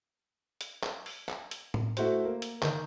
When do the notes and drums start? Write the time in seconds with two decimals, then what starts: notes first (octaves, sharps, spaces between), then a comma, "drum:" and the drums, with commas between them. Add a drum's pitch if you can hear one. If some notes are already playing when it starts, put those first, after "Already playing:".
0.61 drum: hi-hat
0.83 drum: clap
1.06 drum: open hi-hat
1.29 drum: clap
1.51 drum: hi-hat
1.74 drum: tom A2
1.97 A3 E4 F#4 C5, drum: hi-hat
2.25 A#3
2.42 drum: hi-hat
2.63 D#3, drum: clap